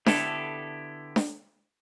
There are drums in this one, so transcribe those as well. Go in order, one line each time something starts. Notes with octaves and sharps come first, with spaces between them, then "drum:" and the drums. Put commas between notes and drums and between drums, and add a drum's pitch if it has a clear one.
D3 B3 E4 G4 A4, drum: snare D4
drum: snare D4